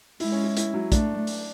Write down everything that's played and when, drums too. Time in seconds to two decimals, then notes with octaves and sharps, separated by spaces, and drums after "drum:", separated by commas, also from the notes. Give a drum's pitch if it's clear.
0.20 G#3 E4, drum: open hi-hat
0.32 C#4
0.44 E4
0.57 E4, drum: hi-hat
0.74 F#3
0.92 A3 D4, drum: kick, hi-hat
1.27 drum: open hi-hat